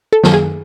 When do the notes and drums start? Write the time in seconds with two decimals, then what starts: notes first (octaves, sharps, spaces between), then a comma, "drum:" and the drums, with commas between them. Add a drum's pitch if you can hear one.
0.13 A4
0.24 F#2 D#3 A4, drum: snare
0.34 G#4